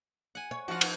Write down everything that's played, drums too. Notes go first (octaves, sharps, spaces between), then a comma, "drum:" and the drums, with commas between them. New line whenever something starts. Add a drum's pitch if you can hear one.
F#5 G#5
C#5
F3 F4 F#4 F#5
drum: cymbal